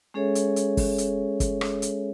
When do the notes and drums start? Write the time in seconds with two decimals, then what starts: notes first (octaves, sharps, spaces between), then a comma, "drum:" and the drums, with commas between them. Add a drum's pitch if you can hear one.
0.14 G#3 C#4 G#4 A4 C#5 E5
0.35 drum: hi-hat
0.56 drum: hi-hat
0.77 drum: kick, open hi-hat
0.98 drum: hi-hat
1.40 drum: kick, hi-hat
1.61 drum: rim click
1.82 drum: hi-hat